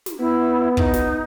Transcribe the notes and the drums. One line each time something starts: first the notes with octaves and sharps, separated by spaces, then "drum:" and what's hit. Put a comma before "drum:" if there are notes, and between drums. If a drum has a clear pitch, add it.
drum: snare
B3 E4
D#4, drum: kick
drum: snare